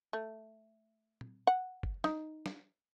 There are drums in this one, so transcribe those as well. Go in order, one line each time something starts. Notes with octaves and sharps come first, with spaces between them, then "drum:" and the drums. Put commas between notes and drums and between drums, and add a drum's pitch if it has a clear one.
A3
drum: tom
F#5
drum: kick
D#4, drum: snare
drum: snare